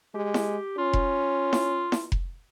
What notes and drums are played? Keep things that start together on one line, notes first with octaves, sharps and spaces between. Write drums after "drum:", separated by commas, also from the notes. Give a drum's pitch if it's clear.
G#3 G4
drum: snare E4
C#4 F4
drum: kick F1
drum: snare E4
drum: snare E4
drum: kick F1